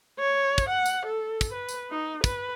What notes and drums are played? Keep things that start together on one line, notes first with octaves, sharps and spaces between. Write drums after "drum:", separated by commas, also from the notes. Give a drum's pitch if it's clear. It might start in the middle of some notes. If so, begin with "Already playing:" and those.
C#5
drum: kick, tambourine
F#5
drum: tambourine
A4
drum: kick, tambourine
B4
drum: tambourine
D#4
B4, drum: kick, tambourine